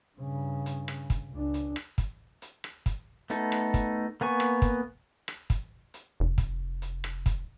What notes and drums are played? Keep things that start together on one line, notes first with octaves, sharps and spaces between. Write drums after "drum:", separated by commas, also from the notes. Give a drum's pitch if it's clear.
G2 C#3
drum: hi-hat
drum: rim click
drum: kick, hi-hat
C#2 D4
drum: hi-hat
drum: rim click
drum: kick, hi-hat
drum: hi-hat
drum: rim click
drum: kick, hi-hat
A3 B3 D#4 A4, drum: hi-hat
drum: rim click
drum: kick, hi-hat
A#3 B3 G#5 C#6
drum: rim click
drum: kick, hi-hat
drum: rim click
drum: kick, hi-hat
drum: hi-hat
F1
drum: kick, hi-hat
drum: hi-hat
drum: rim click
drum: kick, hi-hat